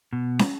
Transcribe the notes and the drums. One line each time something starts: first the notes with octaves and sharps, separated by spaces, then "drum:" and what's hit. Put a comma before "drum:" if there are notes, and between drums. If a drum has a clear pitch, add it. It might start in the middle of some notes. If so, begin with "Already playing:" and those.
B2
drum: snare